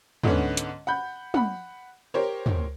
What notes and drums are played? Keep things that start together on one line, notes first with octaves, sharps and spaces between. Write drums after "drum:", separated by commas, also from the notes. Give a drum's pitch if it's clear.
G#2 D3 B3 C#4, drum: tom
drum: hi-hat
F#5 B5 G6
F#5 B5, drum: tom
G4 A#4 C5 C#5
drum: tom